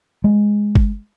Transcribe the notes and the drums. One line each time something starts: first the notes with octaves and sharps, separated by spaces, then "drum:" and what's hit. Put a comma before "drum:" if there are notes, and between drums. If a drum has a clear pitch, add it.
G#3
drum: kick G1